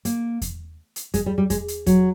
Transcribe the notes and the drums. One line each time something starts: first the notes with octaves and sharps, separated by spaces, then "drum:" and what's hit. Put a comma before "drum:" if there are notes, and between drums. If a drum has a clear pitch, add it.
A#3, drum: hi-hat
drum: kick E2, hi-hat
drum: hi-hat
G#3, drum: kick E2, hi-hat
G3
G3
G#3, drum: kick E2, hi-hat
drum: hi-hat
F#3, drum: kick E2, hi-hat